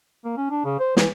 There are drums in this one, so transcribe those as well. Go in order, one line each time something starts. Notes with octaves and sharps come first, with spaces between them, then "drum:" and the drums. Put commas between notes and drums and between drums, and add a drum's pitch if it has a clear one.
A#3
C#4
D4
C#3
C5
E3, drum: snare